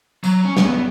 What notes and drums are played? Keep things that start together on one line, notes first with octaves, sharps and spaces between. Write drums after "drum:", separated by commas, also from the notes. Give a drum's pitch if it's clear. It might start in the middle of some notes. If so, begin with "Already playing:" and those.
F#3, drum: tambourine
C#4
C#4, drum: snare
B3